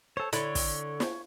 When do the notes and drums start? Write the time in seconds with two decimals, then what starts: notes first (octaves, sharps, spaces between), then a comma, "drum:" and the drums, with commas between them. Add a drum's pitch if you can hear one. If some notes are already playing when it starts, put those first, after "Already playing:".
0.17 A4 C5 C#5 A5
0.33 D3 E4 C#5 D5, drum: hi-hat
0.55 drum: kick, open hi-hat
1.00 drum: snare